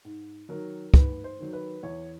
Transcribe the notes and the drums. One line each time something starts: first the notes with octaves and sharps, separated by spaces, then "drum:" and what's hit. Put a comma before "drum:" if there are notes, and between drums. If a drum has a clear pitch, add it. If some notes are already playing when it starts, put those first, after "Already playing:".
G#2
D#3 F#3 A#4
G#2 B4, drum: kick
C5
D#3 F#3
B4
E2 C#5